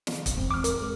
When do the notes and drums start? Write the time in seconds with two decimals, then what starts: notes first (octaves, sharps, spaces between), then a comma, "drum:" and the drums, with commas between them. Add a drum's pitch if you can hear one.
0.07 drum: snare
0.26 drum: kick, hi-hat
0.37 E2 G#2 C4
0.51 D6 F6
0.64 A#4, drum: hi-hat
0.82 G#3